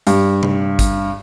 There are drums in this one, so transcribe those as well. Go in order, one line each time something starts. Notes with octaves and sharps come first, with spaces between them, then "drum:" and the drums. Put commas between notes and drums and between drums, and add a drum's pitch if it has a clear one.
G2, drum: hi-hat
drum: tom C3
drum: kick, hi-hat